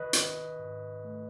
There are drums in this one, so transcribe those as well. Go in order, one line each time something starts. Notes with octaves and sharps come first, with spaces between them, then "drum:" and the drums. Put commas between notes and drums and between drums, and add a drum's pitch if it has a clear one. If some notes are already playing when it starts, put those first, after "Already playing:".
Already playing: D#3 B4 D#5
D#3, drum: hi-hat
G#2
A3